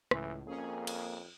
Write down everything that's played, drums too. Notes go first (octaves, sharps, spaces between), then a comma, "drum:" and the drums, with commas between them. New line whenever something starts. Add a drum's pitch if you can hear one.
C#2 A2 E3, drum: rim click
F2 A#3 C#4 G#4
drum: cymbal